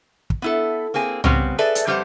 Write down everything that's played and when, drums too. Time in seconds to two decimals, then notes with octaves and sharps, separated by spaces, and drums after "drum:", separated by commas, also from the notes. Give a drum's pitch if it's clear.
0.30 drum: kick
0.42 B3 E4 A4
0.94 A#3 C4 G#4 G#5
1.24 C#3 G3 B3 C4, drum: tom C2
1.58 G#4 A4 B4 D5 E5
1.75 drum: hi-hat
1.87 F2 G3 G4 B4 C5 F#5